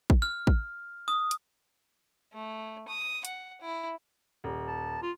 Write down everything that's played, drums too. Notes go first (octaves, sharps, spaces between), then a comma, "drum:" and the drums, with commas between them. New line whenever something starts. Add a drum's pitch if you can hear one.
drum: kick
F6
drum: kick
D#6
drum: hi-hat
A3
D#6
F#5, drum: hi-hat
E4
D#1
A5
F4